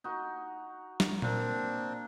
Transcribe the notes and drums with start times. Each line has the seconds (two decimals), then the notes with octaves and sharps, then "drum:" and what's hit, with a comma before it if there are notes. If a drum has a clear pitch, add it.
0.04 D#4 F#4
1.00 drum: snare
1.22 A#3 C4 D4, drum: tom A#2